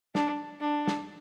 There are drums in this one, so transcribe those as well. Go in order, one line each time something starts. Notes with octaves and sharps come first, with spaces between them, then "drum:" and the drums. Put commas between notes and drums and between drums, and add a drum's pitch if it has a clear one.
D4, drum: snare
D4
drum: snare